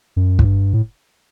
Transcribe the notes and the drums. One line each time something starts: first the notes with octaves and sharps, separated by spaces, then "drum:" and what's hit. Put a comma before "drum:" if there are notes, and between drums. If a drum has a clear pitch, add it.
F#2
A2, drum: kick
G2
A2